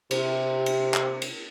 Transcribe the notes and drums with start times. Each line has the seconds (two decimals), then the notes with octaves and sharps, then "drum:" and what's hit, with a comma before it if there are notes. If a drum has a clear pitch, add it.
0.11 C3, drum: cymbal
0.66 drum: cymbal
0.94 drum: clap
1.22 drum: cymbal